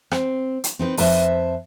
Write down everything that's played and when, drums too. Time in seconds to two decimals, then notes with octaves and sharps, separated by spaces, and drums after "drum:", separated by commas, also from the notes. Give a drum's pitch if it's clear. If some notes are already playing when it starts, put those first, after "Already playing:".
0.11 C4, drum: rim click
0.64 drum: hi-hat
0.79 C4 D#4 A#4 B4
0.97 F2 B4 C5 E5 A5, drum: open hi-hat